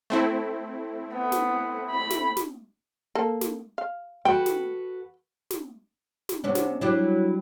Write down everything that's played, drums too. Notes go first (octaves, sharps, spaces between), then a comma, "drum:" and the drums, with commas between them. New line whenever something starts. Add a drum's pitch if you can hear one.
A3 C4 E4
B3
drum: snare
B5
drum: snare
drum: snare
A#3 A4
drum: snare
F5
F#4 A4 B4 G5
drum: snare
drum: snare
drum: snare
C3 B3 C#4 D4
drum: snare
F#3 G3 D4 E4